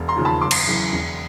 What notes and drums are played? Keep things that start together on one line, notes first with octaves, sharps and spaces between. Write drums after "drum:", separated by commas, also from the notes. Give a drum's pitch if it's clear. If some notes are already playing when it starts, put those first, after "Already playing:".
Already playing: E1
A#5 C6
D#2 C#3 F3
A5 B5
F#1 C6 D6
drum: cymbal
F#2 C#3 E3
E1